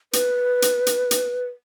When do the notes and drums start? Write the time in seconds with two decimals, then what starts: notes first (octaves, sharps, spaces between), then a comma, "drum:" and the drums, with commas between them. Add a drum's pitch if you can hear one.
0.13 B4, drum: hi-hat
0.62 drum: hi-hat
0.87 drum: hi-hat
1.11 drum: hi-hat